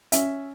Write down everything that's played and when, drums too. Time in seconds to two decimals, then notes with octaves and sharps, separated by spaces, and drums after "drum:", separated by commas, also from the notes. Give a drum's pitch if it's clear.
0.12 C#4 E5, drum: hi-hat